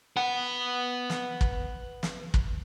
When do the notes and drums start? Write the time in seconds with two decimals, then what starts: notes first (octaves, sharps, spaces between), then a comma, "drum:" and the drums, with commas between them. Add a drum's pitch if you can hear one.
0.17 B4 F#5
1.10 drum: snare
1.41 drum: kick
2.03 drum: snare
2.34 drum: kick